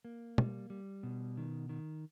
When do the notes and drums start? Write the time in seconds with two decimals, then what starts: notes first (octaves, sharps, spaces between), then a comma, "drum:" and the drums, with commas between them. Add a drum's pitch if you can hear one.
0.05 A#3
0.38 G3, drum: tom
0.70 G3
1.03 B2
1.37 D#3
1.69 D#3